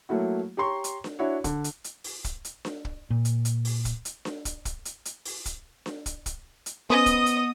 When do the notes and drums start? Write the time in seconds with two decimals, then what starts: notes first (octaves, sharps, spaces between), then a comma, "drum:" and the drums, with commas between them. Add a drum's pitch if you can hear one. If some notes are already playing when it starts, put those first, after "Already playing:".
0.09 F#3 A3 A#3 E4 F#4
0.57 G4 C#5 A#5 C6 C#6
0.84 drum: hi-hat
1.04 drum: snare D4
1.19 D4 E4 F#4 C#5
1.44 D3, drum: kick, hi-hat
1.64 drum: hi-hat
1.84 drum: hi-hat
2.04 drum: open hi-hat
2.24 drum: kick, hi-hat
2.45 drum: hi-hat
2.65 drum: snare D4
2.85 drum: kick
3.10 A#2
3.25 drum: hi-hat
3.45 drum: hi-hat
3.65 drum: open hi-hat
3.85 drum: kick, hi-hat
4.05 drum: hi-hat
4.25 drum: snare D4
4.45 drum: kick, hi-hat
4.65 drum: kick, hi-hat
4.85 drum: hi-hat
5.05 drum: hi-hat
5.25 drum: open hi-hat
5.46 drum: kick, hi-hat
5.86 drum: snare D4
6.06 drum: kick, hi-hat
6.26 drum: kick, hi-hat
6.66 drum: hi-hat
6.90 B3 C#4 B4 C5 D#5 D#6
7.06 drum: kick, hi-hat
7.26 drum: hi-hat